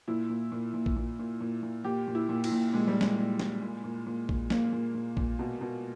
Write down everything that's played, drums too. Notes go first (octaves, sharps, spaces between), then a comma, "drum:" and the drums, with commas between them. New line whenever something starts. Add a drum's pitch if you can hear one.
A#2 E4
A#2
A#2
A#2
drum: kick
A#2
A#2
A#2
A#2
A#2 G4
A#2
E4
A#2
E4, drum: cymbal
A#2
A#2 G#3
G3
A#2
G#3, drum: snare
A#2
A#2, drum: snare
A#2
A#2
A#2
A#2, drum: kick
A#2 A#3, drum: snare
A#2
A#2
A#2, drum: kick
B2
B2